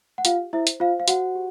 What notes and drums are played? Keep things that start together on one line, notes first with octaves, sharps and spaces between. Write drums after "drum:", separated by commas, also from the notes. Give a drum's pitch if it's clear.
F#5
F4 G4 F5, drum: hi-hat
E4 C5 E5
drum: hi-hat
F4 C5 F5
F5
F#4 C5 F#5, drum: hi-hat
G4